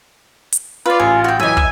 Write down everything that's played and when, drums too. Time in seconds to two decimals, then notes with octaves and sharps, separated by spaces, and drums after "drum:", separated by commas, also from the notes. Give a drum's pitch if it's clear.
0.52 drum: hi-hat
0.86 F4 B4 D5
1.00 A1 G#5
1.24 F#4 G5
1.40 E3 F#3 D#5 E5 G#5
1.57 E6, drum: kick